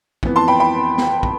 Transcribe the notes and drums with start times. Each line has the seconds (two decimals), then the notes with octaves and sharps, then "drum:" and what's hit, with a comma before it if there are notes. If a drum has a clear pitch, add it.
0.23 F2 E3 B3, drum: kick
0.36 A5 C6
0.48 G5 B5
0.60 G5 B5
0.98 drum: snare
1.23 drum: kick